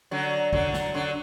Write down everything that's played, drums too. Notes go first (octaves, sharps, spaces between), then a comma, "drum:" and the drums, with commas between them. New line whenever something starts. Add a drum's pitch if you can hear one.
D3 F#3
D3 F#3, drum: kick
drum: snare
D3 F#3